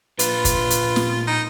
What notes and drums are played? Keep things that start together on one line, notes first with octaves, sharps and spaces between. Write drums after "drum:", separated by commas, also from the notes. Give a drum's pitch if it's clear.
A#2 D4 F4 B4, drum: hi-hat
drum: kick, hi-hat
drum: hi-hat
drum: snare
D#4